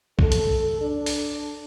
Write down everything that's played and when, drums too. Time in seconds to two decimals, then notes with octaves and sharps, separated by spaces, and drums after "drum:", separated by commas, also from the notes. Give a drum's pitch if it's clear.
0.19 A4, drum: kick B1
0.32 drum: hi-hat
0.81 D4
1.06 drum: open hi-hat